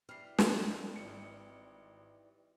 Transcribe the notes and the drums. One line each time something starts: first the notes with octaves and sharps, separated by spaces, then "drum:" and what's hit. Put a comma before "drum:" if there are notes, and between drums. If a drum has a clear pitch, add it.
E3 G3 F6 C7
drum: snare
G#1 C#7